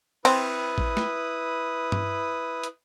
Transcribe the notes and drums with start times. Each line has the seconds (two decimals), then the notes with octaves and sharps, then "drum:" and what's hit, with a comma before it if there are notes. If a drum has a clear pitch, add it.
0.25 C4 E4 B4 D#6, drum: cymbal
0.78 drum: kick A1
0.97 drum: snare
1.92 drum: tom G2
2.64 drum: hi-hat